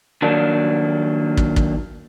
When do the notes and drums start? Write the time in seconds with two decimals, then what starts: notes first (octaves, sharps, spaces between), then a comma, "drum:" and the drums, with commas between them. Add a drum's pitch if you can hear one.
0.22 D#3 F#3 A#3 D4
1.37 drum: kick
1.56 drum: kick